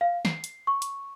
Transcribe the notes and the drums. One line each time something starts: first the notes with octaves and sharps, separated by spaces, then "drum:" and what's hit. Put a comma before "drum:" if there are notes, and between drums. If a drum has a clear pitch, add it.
F5
C7, drum: snare
drum: hi-hat
C#6
drum: hi-hat